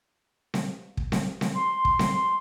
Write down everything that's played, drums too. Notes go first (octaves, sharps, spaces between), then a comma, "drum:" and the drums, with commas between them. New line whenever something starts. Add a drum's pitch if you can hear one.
drum: snare C4
drum: kick
drum: snare C4
drum: snare C4
C6
drum: kick
drum: snare C4